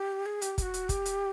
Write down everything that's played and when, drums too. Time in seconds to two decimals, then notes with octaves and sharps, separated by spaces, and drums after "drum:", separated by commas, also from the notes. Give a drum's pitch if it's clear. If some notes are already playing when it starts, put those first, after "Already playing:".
Already playing: G4
0.26 G#4
0.42 G4, drum: hi-hat
0.58 G4, drum: kick, hi-hat
0.62 F#4
0.74 drum: hi-hat
0.89 G4, drum: kick, hi-hat
1.05 drum: hi-hat